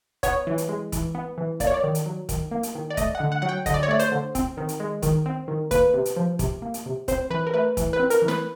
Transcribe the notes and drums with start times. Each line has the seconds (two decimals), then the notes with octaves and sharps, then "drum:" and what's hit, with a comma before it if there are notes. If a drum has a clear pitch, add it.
0.23 B3 C#5, drum: kick, hi-hat
0.47 E3
0.58 drum: hi-hat
0.69 G#3
0.92 E3, drum: kick, hi-hat
1.15 B3
1.38 E3
1.60 A#3 D5, drum: kick, hi-hat
1.67 C#5
1.74 D5
1.84 D#3
1.95 drum: hi-hat
2.06 F#3
2.29 D#3, drum: kick, hi-hat
2.51 A#3
2.63 drum: hi-hat
2.75 D#3
2.90 D5
2.97 A3 D#5, drum: kick, hi-hat
3.15 F#5
3.20 D3
3.32 F#5
3.42 F#3 F#5
3.49 G5
3.66 D3 D#5, drum: kick, hi-hat
3.74 D5
3.83 C#5
3.88 A3 D5
3.99 C5, drum: hi-hat
4.12 D3
4.35 C4, drum: kick, hi-hat
4.57 D#3
4.69 drum: hi-hat
4.80 G#3
5.02 D#3, drum: kick, hi-hat
5.26 C4
5.48 D#3
5.71 A#3 B4, drum: kick, hi-hat
5.94 C3
6.05 drum: hi-hat
6.16 F3
6.39 C3, drum: kick, hi-hat
6.62 A#3
6.74 drum: hi-hat
6.86 C3
7.08 C4 C5, drum: kick, hi-hat
7.30 E3 B4
7.47 A#4
7.54 A3 B4
7.77 E3, drum: kick, hi-hat
7.93 B4
7.99 C4
8.10 A#4, drum: hi-hat
8.22 E3
8.28 B4, drum: snare